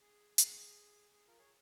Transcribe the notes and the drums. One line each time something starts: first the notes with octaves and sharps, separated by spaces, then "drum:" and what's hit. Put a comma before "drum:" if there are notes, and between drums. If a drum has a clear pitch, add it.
G#4
G#4, drum: hi-hat
G#4
F4 A#4
G#4 C#5